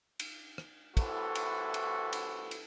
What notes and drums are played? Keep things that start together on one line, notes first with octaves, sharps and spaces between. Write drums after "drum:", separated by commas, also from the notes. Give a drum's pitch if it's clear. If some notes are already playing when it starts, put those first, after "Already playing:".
drum: cymbal
drum: rim click
C2 A2 E3 F#4 A4, drum: kick, cymbal
drum: cymbal
drum: cymbal
drum: cymbal
drum: cymbal